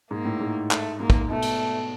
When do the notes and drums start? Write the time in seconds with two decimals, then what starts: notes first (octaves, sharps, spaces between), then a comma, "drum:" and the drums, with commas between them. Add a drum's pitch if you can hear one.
0.11 G#2 A#3
0.25 A2
0.40 G#2
0.71 A3, drum: clap
1.00 G#2 A#3
1.10 drum: kick
1.30 B2 A3
1.42 drum: cymbal